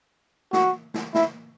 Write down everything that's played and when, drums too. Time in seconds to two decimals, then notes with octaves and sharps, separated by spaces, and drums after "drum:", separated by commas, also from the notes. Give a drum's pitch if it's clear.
0.53 F#4, drum: snare
0.94 drum: snare
1.14 E4, drum: snare